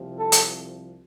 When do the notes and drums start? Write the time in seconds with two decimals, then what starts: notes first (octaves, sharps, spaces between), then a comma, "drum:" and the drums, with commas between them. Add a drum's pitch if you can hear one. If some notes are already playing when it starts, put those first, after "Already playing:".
Already playing: C2 C3 F3
0.18 A4
0.32 drum: hi-hat